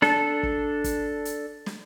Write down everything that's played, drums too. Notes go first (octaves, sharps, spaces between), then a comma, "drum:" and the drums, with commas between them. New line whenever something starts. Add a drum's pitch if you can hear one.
D4 A4, drum: snare
drum: kick
drum: kick, hi-hat
drum: hi-hat
drum: snare